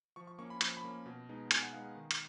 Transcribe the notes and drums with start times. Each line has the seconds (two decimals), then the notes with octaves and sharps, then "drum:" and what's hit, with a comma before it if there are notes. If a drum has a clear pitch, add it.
0.16 F3 C#6
0.27 C#6
0.38 A#3 C#4 C#6
0.50 B5
0.61 F3 C#6, drum: hi-hat
0.77 B5
0.84 A#3 C#4
1.06 B2
1.29 G#3 B3 D#4
1.51 B2 G#5, drum: hi-hat
1.63 F#5
1.73 G#3 B3 D#4 F5
1.95 D#3
2.11 drum: hi-hat